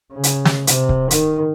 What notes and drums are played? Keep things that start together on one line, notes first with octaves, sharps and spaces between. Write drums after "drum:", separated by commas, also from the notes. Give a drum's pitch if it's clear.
C#3
drum: hi-hat
drum: snare
C3, drum: hi-hat
drum: kick
D#3, drum: hi-hat